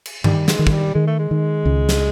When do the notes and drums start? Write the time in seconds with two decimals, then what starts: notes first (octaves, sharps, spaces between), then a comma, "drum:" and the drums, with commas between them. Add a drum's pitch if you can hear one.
0.06 drum: cymbal
0.24 D#3 G3, drum: tom G2
0.48 G#3, drum: snare
0.59 D#3
0.67 G#3, drum: kick
0.71 G3
0.94 D#3 G#3
1.07 A3
1.19 G#3
1.31 D#3
1.65 C#2
1.89 drum: snare